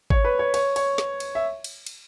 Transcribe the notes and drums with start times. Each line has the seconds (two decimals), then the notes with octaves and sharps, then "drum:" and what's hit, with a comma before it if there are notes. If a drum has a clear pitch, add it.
0.10 C#5, drum: kick G#1
0.25 B4
0.39 C#5
0.54 C#5, drum: cymbal
0.76 C#5, drum: cymbal
0.98 drum: snare
1.20 drum: cymbal
1.35 E5
1.64 drum: cymbal
1.86 drum: cymbal